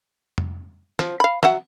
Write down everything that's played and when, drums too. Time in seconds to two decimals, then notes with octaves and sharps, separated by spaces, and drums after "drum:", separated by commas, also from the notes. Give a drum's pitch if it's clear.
0.38 drum: tom F2
0.99 F3, drum: snare
1.20 F5 B5
1.43 F#3 E5 F#5, drum: snare